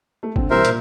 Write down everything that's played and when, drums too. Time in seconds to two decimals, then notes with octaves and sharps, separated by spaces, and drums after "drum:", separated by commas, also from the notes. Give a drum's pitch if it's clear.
0.23 A3
0.36 D3 C4, drum: kick
0.50 C3 E3 G3 A#4 C5 E5
0.65 A#2, drum: hi-hat